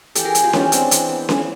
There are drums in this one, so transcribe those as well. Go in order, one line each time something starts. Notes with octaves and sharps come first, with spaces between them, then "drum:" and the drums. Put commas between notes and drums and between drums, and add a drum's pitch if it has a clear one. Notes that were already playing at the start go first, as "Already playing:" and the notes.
E3 G4 A4, drum: hi-hat
G#4 A#4
B3, drum: hi-hat
F4 G4
E3 C#4 D#4, drum: snare C#4
G#3 C4 D4, drum: hi-hat
E3, drum: hi-hat
B3
E3, drum: snare C#4